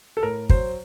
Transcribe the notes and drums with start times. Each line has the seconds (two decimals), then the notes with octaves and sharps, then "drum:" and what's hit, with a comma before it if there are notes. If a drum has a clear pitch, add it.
0.17 A4
0.22 A2 A#4
0.49 F#3 C5, drum: kick